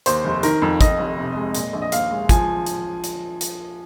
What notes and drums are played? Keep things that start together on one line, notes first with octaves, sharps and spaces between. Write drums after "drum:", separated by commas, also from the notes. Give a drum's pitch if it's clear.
D#2 C5, drum: hi-hat
F1
D#3 A#4, drum: hi-hat
F2
F2 D#5, drum: kick, hi-hat
F1
C3
G#3
A#2, drum: hi-hat
A#1
D#5
D#2 F5, drum: hi-hat
G#3
F3 G#5, drum: kick, hi-hat
drum: hi-hat
drum: hi-hat
drum: hi-hat